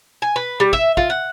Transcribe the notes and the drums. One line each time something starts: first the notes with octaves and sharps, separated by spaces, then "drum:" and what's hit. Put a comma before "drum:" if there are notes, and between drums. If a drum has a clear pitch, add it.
G#5
B4
G3
E5, drum: kick
F4, drum: kick
F#5